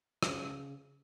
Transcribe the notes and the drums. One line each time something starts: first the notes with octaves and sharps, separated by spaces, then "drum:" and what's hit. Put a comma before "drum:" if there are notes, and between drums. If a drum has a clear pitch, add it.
C#3, drum: rim click